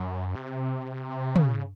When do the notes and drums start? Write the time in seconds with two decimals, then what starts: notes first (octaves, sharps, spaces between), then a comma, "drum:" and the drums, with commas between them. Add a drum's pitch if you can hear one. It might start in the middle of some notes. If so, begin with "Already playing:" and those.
Already playing: F#2
0.35 C3
1.36 C#3, drum: tom